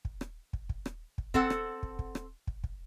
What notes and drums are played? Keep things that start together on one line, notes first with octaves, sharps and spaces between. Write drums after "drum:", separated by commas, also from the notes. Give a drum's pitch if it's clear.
drum: kick
drum: rim click
drum: kick
drum: kick
drum: rim click
drum: kick
C4 A4 F#5, drum: kick
drum: rim click
drum: kick
drum: kick
drum: rim click
drum: kick
drum: kick